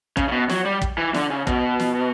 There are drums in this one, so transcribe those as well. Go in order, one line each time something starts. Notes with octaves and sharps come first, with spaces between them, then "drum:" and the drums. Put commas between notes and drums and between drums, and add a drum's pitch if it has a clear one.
C#3, drum: kick
C#3
B2
F#3, drum: snare
G3
drum: kick
E3
D3, drum: snare
C#3
B2, drum: kick
drum: snare